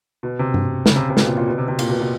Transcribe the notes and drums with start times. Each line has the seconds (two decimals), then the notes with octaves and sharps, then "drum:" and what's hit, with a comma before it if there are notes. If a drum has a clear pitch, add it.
0.23 B2
0.39 C3
0.54 drum: tom G2
0.86 C#3, drum: snare
0.96 C3
1.10 C3
1.17 B2, drum: snare
1.27 A#2
1.37 A#2
1.48 B2
1.58 C3
1.68 C3
1.79 A#2, drum: cymbal
1.89 B2
2.00 B2